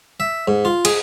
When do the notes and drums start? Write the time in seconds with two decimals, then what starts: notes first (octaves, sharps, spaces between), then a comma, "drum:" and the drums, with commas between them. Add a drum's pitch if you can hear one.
0.20 E5
0.48 G#2
0.65 F4
0.85 G#4, drum: cymbal